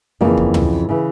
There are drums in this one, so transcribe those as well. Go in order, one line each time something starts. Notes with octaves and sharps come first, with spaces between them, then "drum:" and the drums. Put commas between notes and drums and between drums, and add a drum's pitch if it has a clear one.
F2 C#3 E3 G3 A#3
drum: kick
drum: tom
C#3 E3